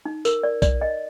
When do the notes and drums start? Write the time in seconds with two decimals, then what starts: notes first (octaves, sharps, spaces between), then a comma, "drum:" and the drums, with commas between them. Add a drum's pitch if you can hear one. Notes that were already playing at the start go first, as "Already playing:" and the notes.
0.06 D#4
0.25 A#4, drum: tambourine
0.43 D5
0.62 D5, drum: kick, tambourine
0.81 D#5